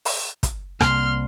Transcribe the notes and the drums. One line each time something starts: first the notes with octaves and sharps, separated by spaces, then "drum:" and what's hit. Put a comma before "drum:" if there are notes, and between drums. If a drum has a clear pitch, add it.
drum: open hi-hat
drum: kick, hi-hat
C2 C3 A#3 C6 F6, drum: rim click